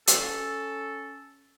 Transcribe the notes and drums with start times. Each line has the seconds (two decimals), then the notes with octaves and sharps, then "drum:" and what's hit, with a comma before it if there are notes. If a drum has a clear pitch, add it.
0.07 C#4 A4, drum: hi-hat